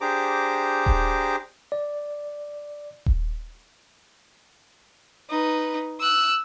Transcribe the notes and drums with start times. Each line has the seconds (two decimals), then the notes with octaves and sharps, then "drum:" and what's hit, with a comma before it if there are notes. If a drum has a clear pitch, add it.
0.01 D4 G4 G#4 C5 A#5 D6
0.86 drum: kick D#1
1.72 D5
3.06 drum: kick D#1
5.29 D#4 B4
6.00 E6 F#6